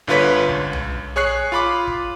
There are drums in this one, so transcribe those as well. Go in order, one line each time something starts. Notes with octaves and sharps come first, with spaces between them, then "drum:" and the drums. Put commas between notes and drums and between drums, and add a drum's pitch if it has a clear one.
G1 D3 F4 B4 C#5 B6
C#2, drum: kick
drum: tom B1
G#4 C#5 C#6 F#6 C7
F4 B5 D6
drum: kick